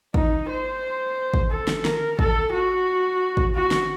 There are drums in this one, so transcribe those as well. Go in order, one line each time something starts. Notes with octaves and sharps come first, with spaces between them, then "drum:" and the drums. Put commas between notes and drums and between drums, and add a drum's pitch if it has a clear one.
D#4, drum: kick
C5
drum: kick
A4
drum: snare
A#4, drum: snare
A4, drum: kick
F#4
drum: kick
F#4
drum: snare